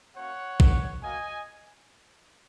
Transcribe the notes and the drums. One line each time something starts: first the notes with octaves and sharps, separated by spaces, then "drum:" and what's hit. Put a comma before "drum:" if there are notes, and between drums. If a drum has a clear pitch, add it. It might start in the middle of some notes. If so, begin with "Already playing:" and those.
A#3 C#4 F#4 C#5 F#5
G#3 F#4, drum: kick
A#3 F#4 D#5 G#5